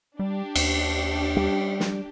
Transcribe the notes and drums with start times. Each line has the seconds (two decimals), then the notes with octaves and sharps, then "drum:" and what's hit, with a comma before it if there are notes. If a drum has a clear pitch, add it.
0.19 G3 D4 G4
0.55 D#2, drum: cymbal
1.37 G3
1.80 drum: snare